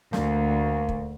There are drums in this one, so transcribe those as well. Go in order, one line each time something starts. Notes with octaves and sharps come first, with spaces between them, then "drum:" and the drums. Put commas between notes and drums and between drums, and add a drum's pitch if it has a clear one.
D2 A#3, drum: snare
drum: kick